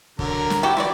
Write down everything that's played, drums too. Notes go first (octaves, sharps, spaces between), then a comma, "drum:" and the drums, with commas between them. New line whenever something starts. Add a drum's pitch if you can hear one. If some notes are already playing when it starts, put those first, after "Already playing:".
D3 F#3 A#4, drum: kick
drum: snare
E4 F#4 G4
E3 E4 F#4 D5 C6